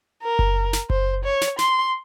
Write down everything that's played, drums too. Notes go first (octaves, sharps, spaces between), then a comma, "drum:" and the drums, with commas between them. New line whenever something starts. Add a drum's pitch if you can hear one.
A#4
drum: kick F#1
drum: snare
C5, drum: kick F#1
C#5
drum: snare
C6, drum: snare